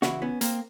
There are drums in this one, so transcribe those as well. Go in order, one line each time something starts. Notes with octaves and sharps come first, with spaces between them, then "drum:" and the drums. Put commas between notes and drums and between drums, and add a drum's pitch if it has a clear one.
C#3 E3 E4 F#4, drum: snare
B3 C#4
A#3 C4, drum: hi-hat